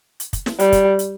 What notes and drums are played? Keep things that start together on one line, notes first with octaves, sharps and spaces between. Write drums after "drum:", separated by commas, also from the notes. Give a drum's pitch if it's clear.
drum: hi-hat
drum: kick, hi-hat
drum: snare
G3, drum: hi-hat
drum: kick, hi-hat
drum: hi-hat